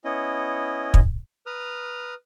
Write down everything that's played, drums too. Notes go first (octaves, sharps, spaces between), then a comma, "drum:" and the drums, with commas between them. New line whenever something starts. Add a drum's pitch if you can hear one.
B3 C#4 E4 D#5
drum: kick
B4 A#5 D#6 F6